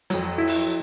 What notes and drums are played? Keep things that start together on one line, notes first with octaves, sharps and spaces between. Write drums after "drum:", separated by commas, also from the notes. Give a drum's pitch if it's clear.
F2 F#3, drum: hi-hat
E4
drum: open hi-hat